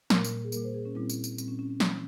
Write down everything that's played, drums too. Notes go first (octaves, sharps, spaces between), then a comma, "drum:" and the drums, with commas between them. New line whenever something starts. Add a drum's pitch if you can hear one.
A#2 G3 A#3 A#4, drum: snare
drum: tambourine
G#4
A#2 G3 A#3 A#4, drum: tambourine
C5
G#4
C#4
A#2 G3 C4 E4
drum: tambourine
drum: tambourine
A#2 G3 C4, drum: tambourine
C#4
C#4
C#4
E3 G3 A#3 C#4, drum: snare